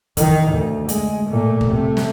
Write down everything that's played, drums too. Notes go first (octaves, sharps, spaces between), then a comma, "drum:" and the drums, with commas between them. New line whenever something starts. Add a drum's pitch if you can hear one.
D#3, drum: kick, hi-hat
D2
G#3, drum: hi-hat
A#2 A3
drum: kick
C3 A3
drum: snare